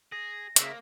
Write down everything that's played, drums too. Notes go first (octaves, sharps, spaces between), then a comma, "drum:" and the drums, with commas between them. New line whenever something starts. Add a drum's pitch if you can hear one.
G#4 A#6
C#3 A#3 E5, drum: hi-hat